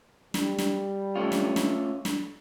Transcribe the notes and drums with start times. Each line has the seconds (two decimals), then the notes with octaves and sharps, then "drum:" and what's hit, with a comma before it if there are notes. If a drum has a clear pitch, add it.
0.34 G3, drum: snare
0.58 drum: snare
1.15 A3 C#4 F4
1.32 drum: snare
1.56 drum: snare
2.05 drum: snare